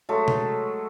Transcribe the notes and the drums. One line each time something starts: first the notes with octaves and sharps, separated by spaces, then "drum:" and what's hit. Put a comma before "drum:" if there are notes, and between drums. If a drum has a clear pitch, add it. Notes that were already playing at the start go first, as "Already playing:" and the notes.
F#3 G#3 A3 A4
drum: tom C3